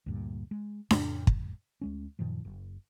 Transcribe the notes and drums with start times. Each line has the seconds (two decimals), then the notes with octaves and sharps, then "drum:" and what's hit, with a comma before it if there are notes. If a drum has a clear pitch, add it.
0.06 D2 G2 A#2
0.51 G#3
0.91 F2 A2 C#3, drum: snare D4
1.27 drum: kick
1.81 D2 G#3 C#4
2.19 F#2 A#2 D#3 F3
2.45 F#1